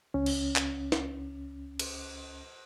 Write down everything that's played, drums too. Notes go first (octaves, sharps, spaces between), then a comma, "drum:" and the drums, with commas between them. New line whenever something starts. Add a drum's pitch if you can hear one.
C#2 C#4
drum: cymbal
drum: clap
drum: snare
drum: cymbal